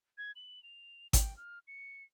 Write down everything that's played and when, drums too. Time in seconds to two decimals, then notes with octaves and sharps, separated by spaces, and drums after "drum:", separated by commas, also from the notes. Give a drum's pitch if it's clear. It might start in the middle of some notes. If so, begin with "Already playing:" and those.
0.18 G#6
0.36 F#7
0.63 F7
1.13 G5, drum: kick G#1, hi-hat
1.37 F6
1.67 C#7